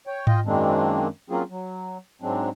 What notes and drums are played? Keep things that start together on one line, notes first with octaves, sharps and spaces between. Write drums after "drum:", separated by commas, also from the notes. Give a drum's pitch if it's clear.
C#5 G5
F4 D#5 G5, drum: tom G#2
F#2 D#3 G#3 A#3 C4 D4
F#3 A#3 C4 C#4 F4 G#4
F#3
G#2 F#3 G#3 C4 D4